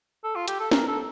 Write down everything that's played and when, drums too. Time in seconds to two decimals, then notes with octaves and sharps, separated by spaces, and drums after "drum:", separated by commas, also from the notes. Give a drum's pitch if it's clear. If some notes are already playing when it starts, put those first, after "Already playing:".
0.24 A4
0.35 F4
0.48 G4, drum: hi-hat
0.60 A4
0.71 A#4, drum: snare
0.88 A4